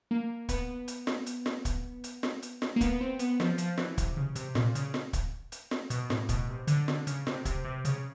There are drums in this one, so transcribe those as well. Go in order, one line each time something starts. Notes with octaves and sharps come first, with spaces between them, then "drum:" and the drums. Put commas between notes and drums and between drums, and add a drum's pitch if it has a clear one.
A#3
B3, drum: kick, hi-hat
drum: hi-hat
drum: snare
drum: hi-hat
drum: snare
drum: kick, hi-hat
drum: hi-hat
drum: snare
drum: hi-hat
drum: snare
A#3
B3, drum: kick, hi-hat
C4
B3, drum: hi-hat
F3, drum: snare
F3, drum: hi-hat
E3, drum: snare
C3, drum: kick, hi-hat
C#3
C3, drum: hi-hat
A#2, drum: snare
C#3, drum: hi-hat
drum: snare
drum: kick, hi-hat
drum: hi-hat
drum: snare
B2, drum: hi-hat
A2, drum: snare
B2, drum: kick, hi-hat
C3
D3, drum: hi-hat
D3, drum: snare
C#3, drum: hi-hat
C3, drum: snare
C3, drum: kick, hi-hat
C3
C#3, drum: hi-hat